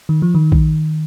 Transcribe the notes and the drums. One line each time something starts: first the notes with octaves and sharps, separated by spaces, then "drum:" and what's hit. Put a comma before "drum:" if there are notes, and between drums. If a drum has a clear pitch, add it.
D#3
F3
D#3
drum: kick A#1